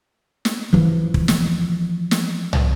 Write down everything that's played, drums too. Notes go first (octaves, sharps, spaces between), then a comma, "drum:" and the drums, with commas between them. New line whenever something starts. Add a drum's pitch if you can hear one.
drum: snare
E3 F3
drum: kick
drum: snare
drum: snare
drum: tom